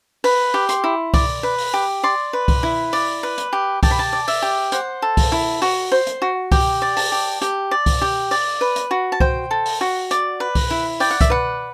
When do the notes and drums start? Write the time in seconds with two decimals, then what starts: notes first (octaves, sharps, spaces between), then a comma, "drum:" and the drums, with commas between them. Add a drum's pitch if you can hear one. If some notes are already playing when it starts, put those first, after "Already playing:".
0.24 B4, drum: open hi-hat
0.54 G4
0.69 C6, drum: hi-hat
0.84 E4
1.14 D5, drum: kick C2, open hi-hat
1.43 B4
1.58 drum: open hi-hat
1.73 G4
2.03 D5 C6
2.33 B4
2.48 drum: kick C2, open hi-hat
2.63 E4
2.93 D5, drum: open hi-hat
3.23 B4
3.38 drum: hi-hat
3.53 G4
3.83 G4 A5, drum: kick C2, open hi-hat
3.91 B5
3.99 A5
4.13 D5
4.28 E5, drum: open hi-hat
4.42 G4
4.72 C5 F#5, drum: hi-hat
5.02 A4
5.17 drum: kick C2, open hi-hat
5.32 E4
5.62 F#4, drum: open hi-hat
5.92 C5
6.07 drum: hi-hat
6.22 F#4
6.52 G4 G5, drum: kick C2, open hi-hat
6.82 D5
6.97 A5, drum: open hi-hat
7.12 G4
7.42 G4, drum: hi-hat
7.71 D5
7.86 drum: kick C2, open hi-hat
8.01 G4
8.31 D5, drum: open hi-hat
8.61 B4
8.76 drum: hi-hat
8.91 F#4
9.12 A5
9.20 C5 G5, drum: kick C2
9.51 A4
9.66 drum: open hi-hat
9.81 F#4
10.11 D5, drum: hi-hat
10.40 B4
10.55 drum: kick C2, open hi-hat
10.70 E4
11.00 D5 G5, drum: open hi-hat
11.11 F#5
11.21 E5, drum: kick C2, hi-hat
11.30 B4 F#5